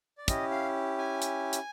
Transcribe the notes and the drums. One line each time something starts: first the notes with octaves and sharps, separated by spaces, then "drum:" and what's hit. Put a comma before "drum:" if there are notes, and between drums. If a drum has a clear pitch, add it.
D5
C#4 E4 G4 D#5, drum: kick, hi-hat
F5
G#5
drum: hi-hat
drum: hi-hat